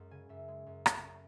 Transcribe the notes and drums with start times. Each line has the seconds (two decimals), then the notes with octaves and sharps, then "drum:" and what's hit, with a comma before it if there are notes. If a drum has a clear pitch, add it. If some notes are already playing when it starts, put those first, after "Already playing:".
Already playing: F#2 G#3
0.11 C#3 G#5
0.29 F#2 E5
0.48 G#3
0.66 F#2
0.86 A3, drum: rim click
1.04 C#4